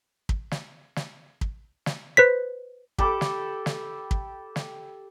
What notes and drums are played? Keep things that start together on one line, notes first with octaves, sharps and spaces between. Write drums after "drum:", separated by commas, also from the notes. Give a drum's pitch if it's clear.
drum: kick
drum: snare
drum: snare
drum: kick
drum: snare
B4 C5 B6
G4 A4 B5 D6, drum: kick
drum: snare
drum: snare
drum: kick
drum: snare